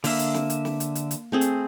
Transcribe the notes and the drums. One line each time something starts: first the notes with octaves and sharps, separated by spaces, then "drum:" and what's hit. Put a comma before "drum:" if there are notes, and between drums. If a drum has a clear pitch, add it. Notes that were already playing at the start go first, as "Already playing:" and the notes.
D3 A#3 E5, drum: open hi-hat
drum: hi-hat
drum: snare
drum: hi-hat
drum: snare
drum: hi-hat
drum: hi-hat
drum: hi-hat
A3 C4 G#4
drum: hi-hat